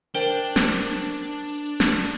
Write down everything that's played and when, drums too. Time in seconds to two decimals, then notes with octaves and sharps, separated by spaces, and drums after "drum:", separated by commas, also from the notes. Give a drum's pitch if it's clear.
0.15 D4 A#4 C5 G5
0.56 drum: snare
1.80 drum: snare